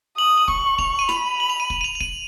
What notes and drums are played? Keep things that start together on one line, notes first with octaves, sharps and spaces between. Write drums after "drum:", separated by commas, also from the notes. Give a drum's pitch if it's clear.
D#6 F#7
F#7
C#6, drum: kick
F7, drum: kick
D#7
B5 F7, drum: snare
F#7
F7
D#7
D#7, drum: kick
D#7
F7
F7
D#7, drum: kick